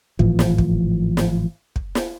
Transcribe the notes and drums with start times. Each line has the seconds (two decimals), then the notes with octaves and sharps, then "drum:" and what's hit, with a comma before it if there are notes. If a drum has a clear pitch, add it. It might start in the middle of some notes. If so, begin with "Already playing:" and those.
0.19 G#1 A2 E3 F3, drum: kick
0.39 drum: snare
0.58 drum: kick
1.17 drum: snare
1.76 drum: kick
1.95 drum: snare